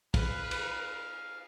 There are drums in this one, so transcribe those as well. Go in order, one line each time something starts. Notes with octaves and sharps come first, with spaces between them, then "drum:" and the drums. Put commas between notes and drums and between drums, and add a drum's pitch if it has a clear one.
B4 F5 F6, drum: kick, cymbal
drum: cymbal